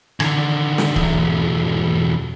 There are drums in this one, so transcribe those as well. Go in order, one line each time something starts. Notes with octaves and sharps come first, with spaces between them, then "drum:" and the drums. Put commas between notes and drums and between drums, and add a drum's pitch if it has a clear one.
D3 D#3, drum: rim click
drum: snare
B1 E2, drum: kick C#1